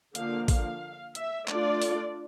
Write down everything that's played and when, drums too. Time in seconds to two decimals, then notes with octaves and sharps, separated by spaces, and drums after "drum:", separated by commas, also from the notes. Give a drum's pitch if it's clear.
0.15 D3 F3 A#3 D4 F5, drum: hi-hat
0.48 F5, drum: kick, open hi-hat
1.15 E5, drum: hi-hat
1.48 A3 D4 F4 D5, drum: clap
1.82 drum: open hi-hat